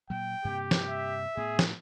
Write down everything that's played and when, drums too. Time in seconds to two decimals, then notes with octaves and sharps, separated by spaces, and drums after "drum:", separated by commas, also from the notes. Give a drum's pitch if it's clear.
0.10 A#2 F#3 G5
0.45 G2 C3 A#3 G4
0.71 drum: snare
0.89 E5
1.37 A2 B3 G#4
1.59 drum: snare